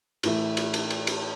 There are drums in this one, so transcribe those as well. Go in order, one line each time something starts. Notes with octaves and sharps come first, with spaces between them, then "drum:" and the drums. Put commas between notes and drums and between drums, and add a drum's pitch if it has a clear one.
A2 E3 A3, drum: cymbal
drum: cymbal
drum: cymbal
drum: cymbal
drum: cymbal